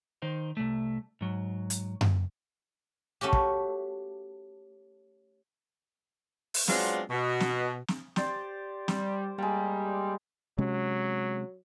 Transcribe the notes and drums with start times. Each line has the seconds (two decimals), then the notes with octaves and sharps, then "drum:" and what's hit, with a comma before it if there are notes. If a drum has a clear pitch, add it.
0.22 D#3 D#4 C5
0.57 C2 A3
1.21 G#2 F#3
1.70 drum: hi-hat
2.01 drum: tom F#2
3.21 A3 C#4 F#4 G4
3.33 drum: kick
6.54 drum: open hi-hat
6.68 F#3 G#3 B3 C4 D4 F4, drum: snare
7.10 B2
7.40 drum: snare
7.88 drum: snare
8.16 G4 C5 D5, drum: snare
8.88 G3 C5, drum: snare
9.38 G3 G#3 A#3
10.58 C3 F#3 G#3 C#4